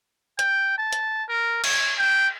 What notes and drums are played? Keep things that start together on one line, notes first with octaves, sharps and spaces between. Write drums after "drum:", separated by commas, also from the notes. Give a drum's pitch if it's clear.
G5, drum: hi-hat
A5
drum: hi-hat
A#4
C#5, drum: cymbal
G5